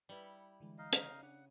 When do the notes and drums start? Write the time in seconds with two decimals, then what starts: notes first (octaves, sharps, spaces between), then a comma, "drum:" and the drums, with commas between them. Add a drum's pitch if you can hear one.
0.09 G3 E4 B4 C#7
0.60 D3 E3 G#3
0.78 D#4 D#5 F5
0.93 C#3, drum: hi-hat
1.23 D4 F#5